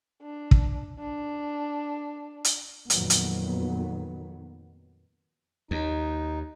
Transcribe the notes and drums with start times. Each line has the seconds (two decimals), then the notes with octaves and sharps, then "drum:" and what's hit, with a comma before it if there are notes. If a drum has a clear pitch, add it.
0.22 D4
0.51 drum: kick
0.99 D4
2.44 drum: hi-hat
2.90 F2 A#2 D#3 F#3 B3, drum: hi-hat
3.10 drum: hi-hat
5.71 D#2 D#4